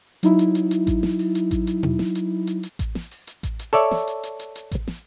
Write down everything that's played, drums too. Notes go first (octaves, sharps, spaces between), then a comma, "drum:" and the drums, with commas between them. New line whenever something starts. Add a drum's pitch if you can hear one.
F#3 D#4 E4, drum: hi-hat
drum: hi-hat
drum: hi-hat
drum: hi-hat
drum: kick A1, hi-hat
drum: snare
drum: open hi-hat
drum: hi-hat
drum: kick A1, hi-hat
drum: hi-hat
drum: tom B2
drum: snare
drum: hi-hat
drum: hi-hat
drum: hi-hat
drum: kick A1, hi-hat
drum: snare
drum: open hi-hat
drum: hi-hat
drum: kick A1, hi-hat
drum: hi-hat
A4 C#5 D5 E5
drum: snare
drum: hi-hat
drum: hi-hat
drum: hi-hat
drum: hi-hat
drum: kick A1, hi-hat
drum: snare